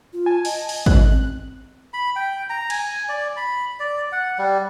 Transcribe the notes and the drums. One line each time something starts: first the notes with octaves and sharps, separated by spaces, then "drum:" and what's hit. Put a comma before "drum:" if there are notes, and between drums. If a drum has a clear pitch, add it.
F4
G#5 A5
D#5, drum: open hi-hat
drum: open hi-hat
F#6, drum: kick
C4
B5
G5
A#5
G#5, drum: cymbal
D5
B5
D5
F#5
G3